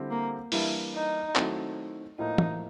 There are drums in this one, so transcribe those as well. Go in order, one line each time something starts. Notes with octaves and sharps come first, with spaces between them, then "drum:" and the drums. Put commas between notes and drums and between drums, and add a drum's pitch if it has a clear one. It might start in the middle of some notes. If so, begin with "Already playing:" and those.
Already playing: D3 G3 C4 E4 G4
A#3
E3 G3 A#3 D4 E4, drum: open hi-hat
D#4
D#3 F#3 A3 C4 E4, drum: clap
A2 F3 A#3 D#4
drum: tom